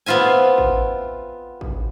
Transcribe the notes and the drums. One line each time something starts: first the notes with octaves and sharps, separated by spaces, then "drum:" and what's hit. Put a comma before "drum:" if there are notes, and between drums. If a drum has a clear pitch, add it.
B3 C4 F4 E5 G#5
drum: kick A1
drum: kick A1